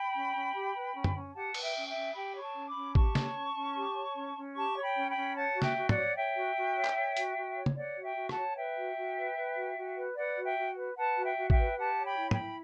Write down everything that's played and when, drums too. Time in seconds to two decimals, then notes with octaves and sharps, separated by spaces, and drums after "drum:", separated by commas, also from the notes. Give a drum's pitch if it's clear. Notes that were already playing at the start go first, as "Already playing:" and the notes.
Already playing: G5 B5
0.15 C#4
0.34 C#4
0.55 G4
0.75 B4
0.94 C#4
1.04 drum: tom
1.14 C#4
1.34 G4 F#5 A5
1.54 B4, drum: cymbal
1.61 E5 G5
1.75 C#4
1.88 E5 G5
1.95 C#4
2.14 G4 G5 B5
2.35 C#5
2.41 A5 C#6
2.55 C#4
2.68 B5 D6
2.75 C#4
2.95 G4 A5 C#6, drum: kick
3.15 C#5, drum: snare
3.34 C#4
3.55 C#4
3.75 G4
3.95 C#5
4.15 C#4
4.36 C#4
4.55 G4 A5 C#6
4.75 C#5
4.82 G5 B5
4.96 C#4
5.09 G5 B5
5.15 C#4
5.36 C#5 F#5 A5
5.55 F#4
5.62 E5 G5, drum: snare
5.76 F#4
5.89 D5 F#5, drum: tom
5.95 C#5
6.15 C#5 E5 G5
6.36 F#4
6.56 F#4
6.75 C#5
6.85 drum: clap
6.96 C#5
7.17 F#4, drum: hi-hat
7.36 F#4
7.56 C#5
7.66 drum: tom
7.76 C#5 D5 F#5
7.96 F#4
8.03 E5 G5
8.16 F#4
8.29 F#5 A5, drum: rim click
8.36 C#5
8.56 B4 E5 G5
8.77 F#4
8.97 F#4
9.17 B4
9.36 B4
9.56 F#4
9.77 F#4
9.96 B4
10.16 B4 D5 F#5
10.36 F#4
10.43 E5 G5
10.57 F#4
10.76 B4
10.97 B4 F#5 A5
11.17 F#4
11.23 E5 G5
11.37 F#4
11.50 E5 G5, drum: kick
11.57 B4
11.77 G4 F#5 A5
11.97 C#5
12.04 G5 B5
12.17 E4
12.31 G5 B5, drum: tom
12.37 E4